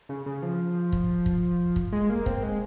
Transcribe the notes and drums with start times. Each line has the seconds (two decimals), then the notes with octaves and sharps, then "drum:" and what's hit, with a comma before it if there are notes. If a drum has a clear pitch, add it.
0.09 C#3
0.26 C#3
0.42 F3
0.92 drum: kick
1.26 drum: kick
1.76 drum: kick
1.92 G#3
2.10 A#3
2.26 C4, drum: kick
2.43 G#3